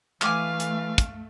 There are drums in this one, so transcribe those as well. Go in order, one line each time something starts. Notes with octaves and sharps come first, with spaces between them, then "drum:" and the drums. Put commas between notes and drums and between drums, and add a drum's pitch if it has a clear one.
E3 A3 F5 G#5 D6 F6, drum: clap
drum: hi-hat
drum: kick, hi-hat